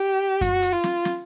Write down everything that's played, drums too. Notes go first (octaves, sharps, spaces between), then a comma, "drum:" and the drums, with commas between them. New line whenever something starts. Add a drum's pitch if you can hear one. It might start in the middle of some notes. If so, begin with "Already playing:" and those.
Already playing: G4
F#4, drum: kick F#2, hi-hat
drum: hi-hat
F4
drum: snare
drum: snare